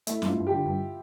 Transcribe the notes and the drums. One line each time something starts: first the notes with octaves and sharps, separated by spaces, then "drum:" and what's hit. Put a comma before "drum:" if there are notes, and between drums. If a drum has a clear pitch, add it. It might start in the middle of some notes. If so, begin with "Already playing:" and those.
A3 E4, drum: hi-hat
G2, drum: snare
F4
G2
G4
D3
G2